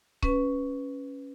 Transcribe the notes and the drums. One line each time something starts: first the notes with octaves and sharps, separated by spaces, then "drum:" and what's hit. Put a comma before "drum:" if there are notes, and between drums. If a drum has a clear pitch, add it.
C#4 B4, drum: kick C#1